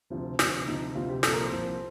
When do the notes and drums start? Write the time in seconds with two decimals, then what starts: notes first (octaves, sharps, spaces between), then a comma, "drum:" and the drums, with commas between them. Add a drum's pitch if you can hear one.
0.10 D2 C3 F3
0.39 D2 C3 F3, drum: snare
0.67 D2 C3 F3 D#4
0.95 D2 C3 F3 F4
1.09 G4
1.23 C2 A#2 F3 A4, drum: snare
1.33 A#4
1.42 C5
1.52 C2 A#2 F3